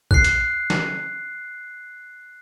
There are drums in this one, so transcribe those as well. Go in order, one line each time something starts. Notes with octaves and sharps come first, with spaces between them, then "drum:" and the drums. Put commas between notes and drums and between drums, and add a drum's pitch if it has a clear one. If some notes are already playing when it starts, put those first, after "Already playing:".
F#6 C7, drum: kick
drum: hi-hat
drum: snare